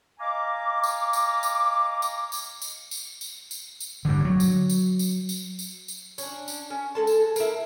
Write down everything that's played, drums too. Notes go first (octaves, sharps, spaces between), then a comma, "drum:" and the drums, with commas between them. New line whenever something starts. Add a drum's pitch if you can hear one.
D#5 F5 G#5 A#5 D6
drum: tambourine
drum: tambourine
drum: tambourine
drum: tambourine
drum: tambourine
drum: tambourine
drum: tambourine
drum: tambourine
drum: tambourine
drum: tambourine
G2 D3
F#3
drum: tambourine
drum: tambourine
drum: tambourine
drum: tambourine
drum: tambourine
drum: tambourine
C#4 D4, drum: tambourine
drum: tambourine
C#4
G#3 A4 A5
drum: tambourine
A#3 E4, drum: tambourine